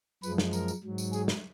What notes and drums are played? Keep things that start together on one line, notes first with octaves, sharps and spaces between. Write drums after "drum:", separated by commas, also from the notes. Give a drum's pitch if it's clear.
F#2 F3 G#3 B4, drum: tambourine
drum: snare
A#4, drum: tambourine
drum: tambourine
G#2 F#3
drum: tambourine
G#4, drum: tambourine
drum: snare